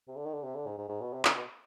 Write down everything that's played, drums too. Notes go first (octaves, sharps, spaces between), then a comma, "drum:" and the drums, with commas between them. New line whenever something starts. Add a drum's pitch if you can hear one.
C3
D3
D#3
D3
C3
D3
G#2
G#2
G#2
B2
C3
D3, drum: clap
B2